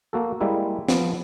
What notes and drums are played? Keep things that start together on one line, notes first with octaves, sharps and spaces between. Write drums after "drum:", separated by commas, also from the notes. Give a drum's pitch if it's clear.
A#3 F#4 A4
G3 G#3 A#3 E4
F3 B3, drum: snare